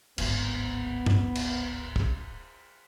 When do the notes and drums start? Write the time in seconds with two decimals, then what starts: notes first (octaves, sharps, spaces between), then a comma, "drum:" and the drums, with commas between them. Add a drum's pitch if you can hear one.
0.18 D1 G#1 B3, drum: cymbal
1.06 drum: tom G2
1.35 drum: cymbal
1.96 drum: kick